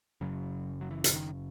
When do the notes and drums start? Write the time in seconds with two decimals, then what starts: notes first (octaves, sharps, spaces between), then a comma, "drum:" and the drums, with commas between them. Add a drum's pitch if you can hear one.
0.21 F#1 F#2 C#3 F#3
0.81 F#3
0.91 E3
1.04 drum: hi-hat
1.13 D#3